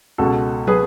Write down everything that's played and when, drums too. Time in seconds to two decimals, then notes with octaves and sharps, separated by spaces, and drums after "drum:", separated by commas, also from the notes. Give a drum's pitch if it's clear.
0.18 C#2 B2 F#4 A4
0.67 G#4 B4, drum: tom